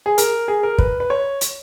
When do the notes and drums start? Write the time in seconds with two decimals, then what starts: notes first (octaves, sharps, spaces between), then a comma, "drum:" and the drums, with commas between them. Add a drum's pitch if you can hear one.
0.06 G#4
0.18 A#4, drum: hi-hat
0.48 G#4
0.63 A#4
0.78 B4, drum: kick
1.00 B4
1.10 C#5
1.41 drum: hi-hat